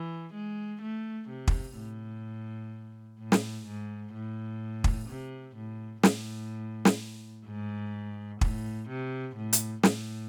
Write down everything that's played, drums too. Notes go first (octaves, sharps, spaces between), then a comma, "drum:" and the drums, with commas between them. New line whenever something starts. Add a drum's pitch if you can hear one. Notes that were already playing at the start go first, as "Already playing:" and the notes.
Already playing: E3
G#3
A3
C3
drum: kick
A2
A2
drum: snare
G#2
A2
drum: kick
C3
A2
A2, drum: snare
drum: snare
G#2
A2, drum: kick
C3
A2
drum: hi-hat
A2, drum: snare